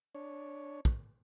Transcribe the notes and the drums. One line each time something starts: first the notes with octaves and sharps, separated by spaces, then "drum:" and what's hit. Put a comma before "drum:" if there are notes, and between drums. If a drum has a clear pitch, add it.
D4 C#5
drum: kick